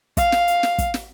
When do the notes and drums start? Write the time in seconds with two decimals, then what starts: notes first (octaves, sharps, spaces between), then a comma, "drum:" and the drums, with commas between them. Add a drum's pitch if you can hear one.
0.17 F5, drum: kick, hi-hat
0.32 drum: snare
0.48 drum: hi-hat
0.63 drum: snare
0.78 drum: kick, hi-hat
0.94 drum: snare